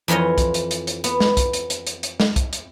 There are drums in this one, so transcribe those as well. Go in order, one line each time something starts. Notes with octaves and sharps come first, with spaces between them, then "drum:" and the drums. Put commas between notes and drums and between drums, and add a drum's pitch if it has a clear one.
F2 E3 F4 C#5 D#5
drum: kick, hi-hat
drum: hi-hat
drum: hi-hat
drum: hi-hat
B3, drum: hi-hat
drum: snare
drum: kick, hi-hat
drum: hi-hat
drum: hi-hat
drum: hi-hat
drum: hi-hat
drum: snare
drum: kick, hi-hat
drum: hi-hat